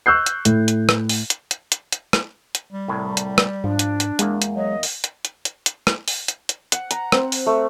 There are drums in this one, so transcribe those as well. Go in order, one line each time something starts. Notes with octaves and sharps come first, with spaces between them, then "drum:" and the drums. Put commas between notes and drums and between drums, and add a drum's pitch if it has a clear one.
C#6 E6 F#6 G6 C7
drum: hi-hat
A2, drum: hi-hat
drum: hi-hat
drum: rim click
drum: open hi-hat
drum: hi-hat
drum: hi-hat
drum: hi-hat
drum: hi-hat
drum: rim click
drum: hi-hat
G3
C2 A2
drum: hi-hat
drum: rim click
G#2 F3 D4
drum: hi-hat
drum: hi-hat
E2 G#3 A#3, drum: hi-hat
drum: hi-hat
F#3 D#5
drum: open hi-hat
drum: hi-hat
drum: hi-hat
drum: hi-hat
drum: hi-hat
drum: rim click
drum: open hi-hat
drum: hi-hat
drum: hi-hat
F#5, drum: hi-hat
A#5, drum: hi-hat
C4, drum: rim click
drum: open hi-hat
A3